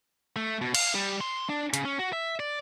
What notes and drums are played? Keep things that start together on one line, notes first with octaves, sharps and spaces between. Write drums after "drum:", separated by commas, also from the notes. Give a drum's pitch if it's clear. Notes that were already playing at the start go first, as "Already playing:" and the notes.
A3
B2
F5, drum: cymbal
G3
C6
D4
C#3, drum: hi-hat
C#4
F#4
E5
D5